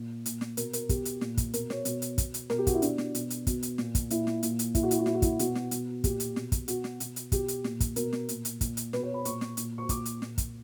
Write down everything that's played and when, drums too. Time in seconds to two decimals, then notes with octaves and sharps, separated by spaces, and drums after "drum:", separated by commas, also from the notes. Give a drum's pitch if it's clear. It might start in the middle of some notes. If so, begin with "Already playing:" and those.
Already playing: A#2
0.26 A#2, drum: hi-hat
0.41 drum: snare
0.57 B2 A#4, drum: hi-hat
0.73 A#4, drum: hi-hat
0.89 B2 G4, drum: kick, hi-hat
1.05 drum: hi-hat
1.21 A#2, drum: snare
1.37 drum: kick, hi-hat
1.54 B2 A#4, drum: hi-hat
1.70 C#5, drum: snare
1.85 B2, drum: hi-hat
2.02 drum: hi-hat
2.18 B2, drum: kick, hi-hat
2.34 drum: hi-hat
2.50 B2 A#4, drum: snare
2.58 G4
2.67 F#4, drum: kick, hi-hat
2.75 E4
2.82 B2 D4, drum: hi-hat
2.98 drum: snare
3.15 B2, drum: hi-hat
3.30 drum: hi-hat
3.47 B2, drum: kick, hi-hat
3.63 drum: hi-hat
3.78 A#2, drum: snare
3.95 drum: kick, hi-hat
4.10 A#2 E4, drum: hi-hat
4.27 drum: snare
4.43 A#2, drum: hi-hat
4.59 drum: hi-hat
4.75 A#2 E4, drum: kick, hi-hat
4.83 F#4
4.91 E4, drum: hi-hat
4.99 F#4
5.06 A#2 E4, drum: snare
5.14 F#4
5.22 E4, drum: kick, hi-hat
5.39 B2 F#4, drum: hi-hat
5.55 drum: snare
5.71 B2, drum: hi-hat
6.04 A#2 G4, drum: kick, hi-hat
6.20 drum: hi-hat
6.36 B2, drum: snare
6.52 drum: kick, hi-hat
6.68 B2 F#4, drum: hi-hat
6.84 drum: snare
7.00 B2, drum: hi-hat
7.16 drum: hi-hat
7.32 B2 G4, drum: kick, hi-hat
7.48 drum: hi-hat
7.64 A#2, drum: snare
7.80 drum: kick, hi-hat
7.96 B2 A#4, drum: hi-hat
8.13 drum: snare
8.29 A#2, drum: hi-hat
8.45 drum: hi-hat
8.61 A#2, drum: kick, hi-hat
8.77 drum: hi-hat
8.93 B2 B4, drum: snare
9.03 C#5
9.14 B5
9.25 A#2 C#6, drum: hi-hat
9.41 drum: snare
9.57 A#2, drum: hi-hat
9.78 C#6
9.89 A#2 D6, drum: kick, hi-hat
10.05 drum: hi-hat
10.22 A#2, drum: snare
10.38 drum: kick, hi-hat